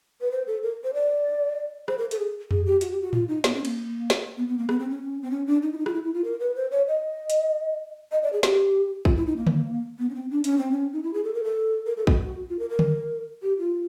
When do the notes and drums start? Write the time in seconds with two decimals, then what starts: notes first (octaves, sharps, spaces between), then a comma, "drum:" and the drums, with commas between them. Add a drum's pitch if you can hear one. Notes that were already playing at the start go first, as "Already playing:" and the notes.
0.21 B4
0.31 C5
0.47 A4
0.63 A#4
0.84 C5
0.94 D5
1.88 C5, drum: rim click
1.98 A#4
2.11 A4, drum: hi-hat
2.19 G#4
2.51 G#4, drum: tom F2
2.66 G4
2.81 F#4, drum: hi-hat
2.91 G4
3.02 F#4
3.13 F4, drum: tom A2
3.28 D#4
3.44 B3, drum: snare
3.54 C#4
3.65 A#3, drum: cymbal
4.10 drum: snare
4.37 B3
4.48 B3
4.58 A#3
4.69 B3, drum: rim click
4.79 C4
4.89 C#4
5.22 C4
5.31 C#4
5.47 D4
5.62 D#4
5.73 E4
5.78 D#4
5.86 F4, drum: rim click
5.93 E4
6.04 E4
6.14 F4
6.24 A#4
6.40 B4
6.56 C5
6.71 C#5
6.88 D#5
7.30 drum: hi-hat
8.12 D#5
8.23 D5
8.33 G#4
8.43 G4, drum: snare
9.05 F4, drum: kick
9.16 E4
9.26 D#4
9.37 A#3
9.47 drum: tom D3
9.99 B3
10.09 C#4
10.15 C4
10.31 D4
10.44 C#4, drum: hi-hat
10.58 C4
10.72 C#4
10.93 D#4
11.03 E4
11.14 G#4
11.24 A4
11.34 A#4
11.44 A4
11.86 A#4
11.97 A4
12.07 F#4, drum: kick
12.49 F4
12.59 A#4
12.70 A#4
12.79 drum: tom D3
13.42 G4
13.58 F4